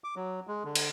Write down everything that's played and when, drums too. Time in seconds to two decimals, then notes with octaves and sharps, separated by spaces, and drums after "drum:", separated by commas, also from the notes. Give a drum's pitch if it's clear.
0.04 D6
0.16 F#3
0.47 G#3
0.65 D3
0.75 drum: cymbal